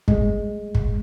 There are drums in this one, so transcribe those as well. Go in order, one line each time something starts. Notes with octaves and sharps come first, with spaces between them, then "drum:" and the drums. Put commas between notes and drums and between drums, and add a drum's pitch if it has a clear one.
G#3, drum: kick
drum: kick